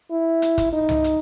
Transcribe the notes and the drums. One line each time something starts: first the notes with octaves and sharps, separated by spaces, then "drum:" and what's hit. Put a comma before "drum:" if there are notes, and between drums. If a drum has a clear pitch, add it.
E4
drum: hi-hat
drum: kick, hi-hat
D#4
drum: tom C2
drum: hi-hat